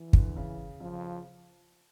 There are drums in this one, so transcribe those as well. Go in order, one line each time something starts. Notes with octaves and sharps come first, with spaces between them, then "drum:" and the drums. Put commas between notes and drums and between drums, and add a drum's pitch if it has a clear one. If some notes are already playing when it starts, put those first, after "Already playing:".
Already playing: E3
D3, drum: kick
C#3
C#3 F3